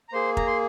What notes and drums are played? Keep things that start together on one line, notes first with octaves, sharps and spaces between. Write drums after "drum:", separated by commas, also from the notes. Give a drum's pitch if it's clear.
A#5
A#3 G#4 C5 C6
A#5, drum: kick
C6